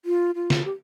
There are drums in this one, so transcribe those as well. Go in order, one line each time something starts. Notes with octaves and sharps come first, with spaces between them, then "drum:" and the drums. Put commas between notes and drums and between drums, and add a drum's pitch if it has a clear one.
F4
F4
drum: snare
G4